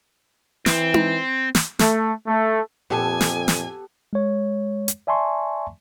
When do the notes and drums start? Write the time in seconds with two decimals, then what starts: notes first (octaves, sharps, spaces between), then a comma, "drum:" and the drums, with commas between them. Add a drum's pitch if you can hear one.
0.66 E3 C4, drum: snare
0.94 drum: tom D#4
1.55 drum: snare
1.79 A3, drum: snare
2.26 A3
2.90 F2 A#2 B3 G4 A4 G#5 A5
3.21 drum: snare
3.48 drum: snare
4.13 G#3 C#5
4.88 drum: hi-hat
5.07 D5 E5 G#5 A5 C6 C#6